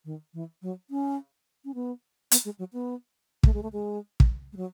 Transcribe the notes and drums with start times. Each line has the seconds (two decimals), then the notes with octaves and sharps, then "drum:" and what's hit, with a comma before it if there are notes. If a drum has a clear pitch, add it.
0.05 D#3
0.34 E3
0.62 F#3
0.90 C#4
1.65 C#4
1.75 B3
2.31 B3, drum: hi-hat
2.45 G#3
2.59 F#3
2.73 B3
3.43 A3, drum: kick
3.54 G#3
3.63 A3
3.73 G#3
4.20 drum: kick
4.53 G#3
4.57 F#3